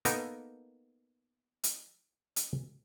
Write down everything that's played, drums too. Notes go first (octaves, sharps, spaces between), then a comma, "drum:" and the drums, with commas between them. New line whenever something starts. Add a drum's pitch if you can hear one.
A#3 B3 D#4 A4 A#4, drum: hi-hat
drum: hi-hat
drum: hi-hat